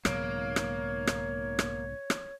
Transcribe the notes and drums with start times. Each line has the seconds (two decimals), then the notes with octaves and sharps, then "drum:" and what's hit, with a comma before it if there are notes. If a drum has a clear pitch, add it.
0.05 B1 G#2 C#3 A#3 C#5, drum: rim click
0.56 drum: rim click
1.07 drum: rim click
1.59 drum: rim click
2.10 drum: rim click